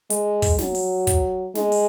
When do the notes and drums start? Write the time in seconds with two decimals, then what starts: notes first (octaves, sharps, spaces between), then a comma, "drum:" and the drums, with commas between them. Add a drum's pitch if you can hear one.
0.10 G#3, drum: hi-hat
0.42 drum: kick, open hi-hat
0.58 F#3, drum: snare
0.75 drum: open hi-hat
1.07 drum: kick, hi-hat
1.55 G#3, drum: snare
1.72 drum: open hi-hat